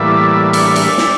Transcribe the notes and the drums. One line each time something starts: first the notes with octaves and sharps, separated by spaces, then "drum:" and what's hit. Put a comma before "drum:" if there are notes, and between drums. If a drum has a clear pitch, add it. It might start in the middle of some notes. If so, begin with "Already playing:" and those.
Already playing: A2 E3 G3 A#3 D5 E5
D5 E5, drum: cymbal
drum: cymbal
drum: snare